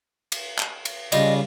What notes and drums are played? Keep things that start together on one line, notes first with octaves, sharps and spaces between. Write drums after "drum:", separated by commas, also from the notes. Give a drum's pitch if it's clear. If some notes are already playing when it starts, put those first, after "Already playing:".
drum: cymbal
drum: clap
drum: cymbal
C#3 G3 F4 D#5, drum: cymbal